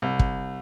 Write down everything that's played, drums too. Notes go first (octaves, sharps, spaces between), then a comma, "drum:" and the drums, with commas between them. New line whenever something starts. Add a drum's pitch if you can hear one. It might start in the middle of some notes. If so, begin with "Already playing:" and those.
C2
drum: kick